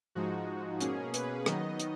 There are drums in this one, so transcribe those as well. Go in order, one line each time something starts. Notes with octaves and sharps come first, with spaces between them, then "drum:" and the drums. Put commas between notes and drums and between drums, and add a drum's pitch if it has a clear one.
G#2 F3 G#3 D#4 F#4
B2 A#3 C#4 G#4, drum: hi-hat
B4, drum: hi-hat
D#3 F#3 B3 D#4 D#5, drum: rim click
drum: hi-hat